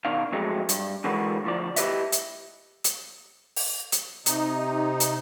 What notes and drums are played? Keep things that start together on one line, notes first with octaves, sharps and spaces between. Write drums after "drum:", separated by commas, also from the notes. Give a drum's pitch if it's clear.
B2 D#3 D4 F5
F2 F#3 G#3 A3
G2, drum: hi-hat
D3 E3 G#3 F#4 A#4 B4
D2 F3 D5
E4 G4 B4 D#5 E5, drum: hi-hat
drum: hi-hat
drum: hi-hat
drum: open hi-hat
drum: hi-hat
C3 D#4, drum: hi-hat
drum: hi-hat